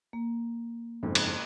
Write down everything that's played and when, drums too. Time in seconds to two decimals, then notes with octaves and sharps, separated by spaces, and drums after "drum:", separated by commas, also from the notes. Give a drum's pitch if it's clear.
0.13 A#3
1.03 F#1 F2 G#2
1.15 drum: cymbal